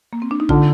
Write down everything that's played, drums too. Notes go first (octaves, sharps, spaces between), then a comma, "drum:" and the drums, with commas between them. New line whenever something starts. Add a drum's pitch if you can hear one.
A#3
C4
D4
D#4
D3 F4, drum: kick A1